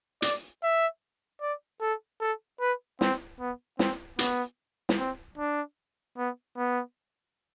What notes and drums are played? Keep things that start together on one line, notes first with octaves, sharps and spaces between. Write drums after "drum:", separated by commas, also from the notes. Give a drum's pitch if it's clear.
D5, drum: hi-hat
E5
D5
A4
A4
B4
C4, drum: snare
B3
C4, drum: snare
B3, drum: hi-hat
drum: snare
C4
D4
B3
B3